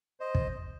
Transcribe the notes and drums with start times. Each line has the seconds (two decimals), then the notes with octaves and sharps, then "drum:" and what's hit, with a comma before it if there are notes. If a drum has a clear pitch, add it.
0.20 C5 D#5
0.35 drum: kick